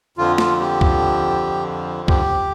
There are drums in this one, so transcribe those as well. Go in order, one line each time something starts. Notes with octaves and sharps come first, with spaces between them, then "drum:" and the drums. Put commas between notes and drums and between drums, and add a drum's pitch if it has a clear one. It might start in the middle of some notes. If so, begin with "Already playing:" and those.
F2 D3 F3 F4
F4, drum: snare
G4
drum: kick C2
G4, drum: kick C2